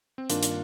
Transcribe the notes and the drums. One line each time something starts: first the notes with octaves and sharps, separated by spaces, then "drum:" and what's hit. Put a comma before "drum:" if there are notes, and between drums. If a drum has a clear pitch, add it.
C4
G2 D#3 A#3 D4 F4, drum: hi-hat
drum: hi-hat